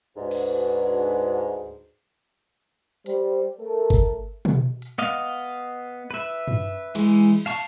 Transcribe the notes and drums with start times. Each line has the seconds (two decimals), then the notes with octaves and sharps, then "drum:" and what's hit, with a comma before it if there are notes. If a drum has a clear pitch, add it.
0.17 D2 G#2 D4 F#4 B4
0.31 drum: cymbal
3.06 G3 C5, drum: hi-hat
3.59 A3 A4 A#4
3.90 drum: kick G1
4.45 drum: tom
4.82 drum: hi-hat
4.98 B3 D#5 F5
6.11 B4 E5
6.48 drum: tom F#2
6.95 E3 G#3, drum: cymbal
7.46 F5 A5 C#6, drum: tambourine